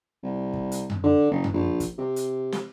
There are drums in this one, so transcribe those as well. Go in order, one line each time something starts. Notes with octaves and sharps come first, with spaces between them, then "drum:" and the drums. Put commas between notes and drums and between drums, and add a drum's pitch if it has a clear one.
C2
drum: kick
drum: hi-hat
drum: tom F#2
D3
F#1
drum: tom F#2
A#1
drum: kick, hi-hat
C3
drum: hi-hat
drum: snare